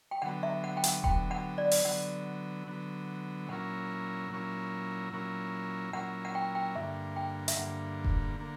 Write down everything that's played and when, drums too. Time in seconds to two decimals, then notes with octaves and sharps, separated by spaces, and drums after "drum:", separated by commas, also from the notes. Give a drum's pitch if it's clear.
0.11 G5
0.22 D3 F#3 B3 F#5
0.43 E5
0.64 F#5
0.77 G5
0.84 F#5, drum: hi-hat
1.04 D3 F#3 B3 G5, drum: kick E1
1.31 F#5
1.58 D5
1.71 drum: open hi-hat
1.85 D3 F#3 B3 F#5
2.67 D3 F#3 B3
3.49 A#2 F#3 C#4 E4 A#4 F#5
4.30 A#2 F#3 C#4 E4 A#4
5.13 A#2 F#3 C#4 E4 A#4
5.93 A#2 F#3 C#4 E4 A#4 F#5
6.25 F#5
6.35 G5
6.55 G5
6.75 G2 D3 A#3 E5
7.16 G5
7.48 E5, drum: hi-hat
7.57 G2 D3 A#3 F#5
8.04 drum: kick E1
8.39 D3 A#3